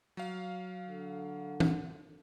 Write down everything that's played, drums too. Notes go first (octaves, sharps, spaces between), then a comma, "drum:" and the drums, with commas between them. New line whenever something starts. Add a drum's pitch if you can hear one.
F#3 F5
D3
drum: tom